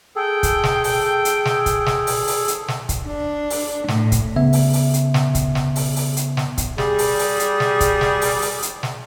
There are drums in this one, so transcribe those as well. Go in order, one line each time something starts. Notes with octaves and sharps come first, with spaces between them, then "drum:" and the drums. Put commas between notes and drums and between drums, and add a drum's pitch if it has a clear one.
G#4 A4 G5
drum: kick, hi-hat
drum: snare
drum: open hi-hat
drum: hi-hat
drum: snare
drum: kick, hi-hat
drum: snare
drum: open hi-hat
drum: open hi-hat
drum: hi-hat
drum: snare
drum: kick, hi-hat
D4
drum: open hi-hat
A2, drum: snare
drum: kick, hi-hat
C#3 B3 E5
drum: open hi-hat
drum: open hi-hat
drum: hi-hat
drum: snare
drum: kick, hi-hat
drum: snare
drum: open hi-hat
drum: open hi-hat
drum: hi-hat
drum: snare
drum: kick, hi-hat
G3 G#4, drum: snare
drum: open hi-hat
drum: open hi-hat
drum: hi-hat
drum: snare
drum: kick, hi-hat
drum: snare
drum: open hi-hat
drum: open hi-hat
drum: hi-hat
drum: snare